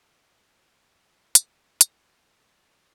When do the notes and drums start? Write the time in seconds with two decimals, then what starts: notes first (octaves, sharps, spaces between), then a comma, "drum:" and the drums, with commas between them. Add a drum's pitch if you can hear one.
0.11 G1 G#2 B2 G#3 A#3 C#4
1.35 drum: hi-hat
1.81 drum: hi-hat